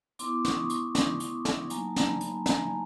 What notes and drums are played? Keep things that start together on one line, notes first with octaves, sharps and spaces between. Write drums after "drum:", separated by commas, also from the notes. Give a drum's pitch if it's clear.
B3 E4 C6 D6, drum: hi-hat
C#6 D#6, drum: snare
drum: hi-hat
drum: snare
drum: hi-hat
drum: snare
F#3 A#3 D#4 G#5 A#5, drum: hi-hat
A5
A#5, drum: snare
A5 B5
drum: hi-hat
G#5 A#5, drum: snare